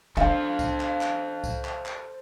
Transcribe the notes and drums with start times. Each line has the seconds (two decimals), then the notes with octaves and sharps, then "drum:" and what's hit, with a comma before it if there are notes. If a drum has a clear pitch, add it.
0.17 D4 A4 C5 F5, drum: clap
0.59 drum: kick C2, tambourine
0.80 drum: clap
1.01 drum: clap
1.44 drum: kick C2, tambourine
1.65 drum: clap
1.86 drum: clap